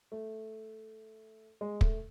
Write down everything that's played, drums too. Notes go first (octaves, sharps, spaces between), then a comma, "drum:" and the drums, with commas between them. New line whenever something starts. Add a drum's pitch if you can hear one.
A3
G#3
A3, drum: kick